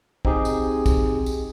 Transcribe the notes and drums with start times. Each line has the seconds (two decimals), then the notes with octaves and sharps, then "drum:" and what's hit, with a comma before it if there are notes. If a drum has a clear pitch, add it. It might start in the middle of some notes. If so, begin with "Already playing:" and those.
0.25 C4 D#4 G4 G#4, drum: kick
0.45 drum: tambourine
0.86 drum: kick, tambourine
1.26 drum: tambourine